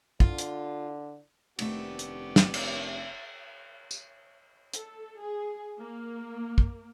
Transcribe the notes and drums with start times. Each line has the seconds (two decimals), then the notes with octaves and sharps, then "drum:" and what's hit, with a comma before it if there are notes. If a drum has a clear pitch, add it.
0.20 D3 F4, drum: kick
0.38 drum: hi-hat
1.59 F1 D#2 A3 B3 D4 G4 E5, drum: cymbal
1.99 drum: hi-hat
2.36 drum: snare
2.54 drum: cymbal
3.91 drum: tambourine
4.74 A4, drum: hi-hat
5.20 G#4
5.80 A#3
6.58 drum: kick